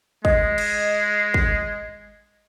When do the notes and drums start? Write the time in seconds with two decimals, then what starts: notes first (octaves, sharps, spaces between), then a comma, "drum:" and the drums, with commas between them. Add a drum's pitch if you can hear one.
0.25 G#3 D#5, drum: kick
0.58 drum: cymbal
1.34 drum: kick